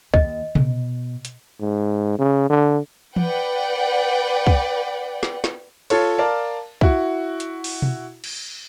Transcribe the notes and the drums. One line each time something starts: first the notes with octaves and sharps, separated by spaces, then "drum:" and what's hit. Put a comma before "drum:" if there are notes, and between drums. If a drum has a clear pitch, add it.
D#2 D#5, drum: kick
B2, drum: tom C3
drum: hi-hat
G#2
C#3
D3
B4 D5 F#5 G5, drum: tom E3
drum: kick
drum: snare
drum: snare
F4 A4 C#5, drum: cymbal
A#4 D5 F5 A5
E4 F#4, drum: kick
drum: hi-hat
drum: open hi-hat
drum: tom B2
drum: cymbal